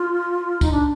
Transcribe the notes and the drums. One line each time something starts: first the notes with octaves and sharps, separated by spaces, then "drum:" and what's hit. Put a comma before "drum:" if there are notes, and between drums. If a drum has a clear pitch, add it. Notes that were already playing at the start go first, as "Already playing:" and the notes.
Already playing: F4
D#4, drum: kick C#2, tambourine
D4